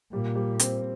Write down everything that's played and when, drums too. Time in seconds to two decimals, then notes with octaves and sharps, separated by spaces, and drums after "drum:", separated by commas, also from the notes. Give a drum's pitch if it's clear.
0.13 A#2 G3
0.36 G3
0.59 C4, drum: hi-hat